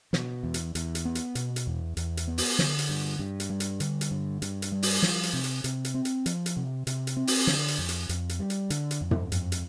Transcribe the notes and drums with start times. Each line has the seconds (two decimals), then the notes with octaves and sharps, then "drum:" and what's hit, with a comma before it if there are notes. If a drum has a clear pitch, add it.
0.13 B2, drum: snare
0.43 E2
0.54 drum: hi-hat
0.75 E2, drum: hi-hat
0.95 drum: hi-hat
1.05 B3
1.15 drum: hi-hat
1.35 B2, drum: hi-hat
1.56 drum: hi-hat
1.67 E2
1.97 E2, drum: hi-hat
2.17 drum: hi-hat
2.28 B3
2.38 drum: open hi-hat
2.59 D3, drum: snare
2.78 drum: hi-hat
2.89 G2
3.19 G2
3.40 drum: hi-hat
3.50 G3
3.60 drum: hi-hat
3.80 D3, drum: hi-hat
4.01 drum: hi-hat
4.11 G2
4.42 G2, drum: hi-hat
4.62 drum: hi-hat
4.72 G3
4.83 drum: open hi-hat
5.02 F3, drum: snare
5.23 drum: hi-hat
5.33 C3
5.44 drum: hi-hat
5.64 C3, drum: hi-hat
5.85 drum: hi-hat
5.94 C4
6.05 drum: hi-hat
6.26 F3, drum: hi-hat
6.46 drum: hi-hat
6.57 C3
6.87 C3, drum: hi-hat
7.07 drum: hi-hat
7.17 C4
7.27 drum: open hi-hat
7.47 D3, drum: snare
7.68 drum: hi-hat
7.78 F2
7.89 drum: hi-hat
8.09 F2, drum: hi-hat
8.29 drum: hi-hat
8.39 G3
8.50 drum: hi-hat
8.70 D3, drum: hi-hat
8.91 drum: hi-hat
9.01 F2
9.11 drum: tom
9.32 F2, drum: hi-hat
9.52 drum: hi-hat